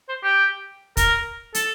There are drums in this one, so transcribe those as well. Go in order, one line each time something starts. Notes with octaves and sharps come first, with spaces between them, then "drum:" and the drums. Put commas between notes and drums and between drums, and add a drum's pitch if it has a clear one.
C5
G4
A#4, drum: kick, hi-hat
A4, drum: hi-hat